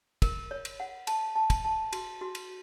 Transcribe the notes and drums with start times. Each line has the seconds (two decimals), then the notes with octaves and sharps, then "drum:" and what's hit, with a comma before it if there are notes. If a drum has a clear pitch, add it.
0.22 A#4, drum: kick, cymbal
0.51 C#5
0.65 drum: cymbal
0.80 F#5
1.07 A5, drum: cymbal
1.35 A5
1.50 drum: kick, cymbal
1.65 A5
1.93 F#4, drum: cymbal
2.21 F#4
2.35 drum: cymbal